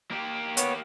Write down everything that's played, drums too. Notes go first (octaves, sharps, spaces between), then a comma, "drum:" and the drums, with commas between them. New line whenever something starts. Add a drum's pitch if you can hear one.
A#3 G4
B3 C#5, drum: hi-hat